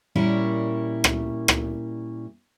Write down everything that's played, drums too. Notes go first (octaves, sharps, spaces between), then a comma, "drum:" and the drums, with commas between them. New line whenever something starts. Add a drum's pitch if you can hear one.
A#2 G3 C#4 E4 A#4
drum: rim click
drum: rim click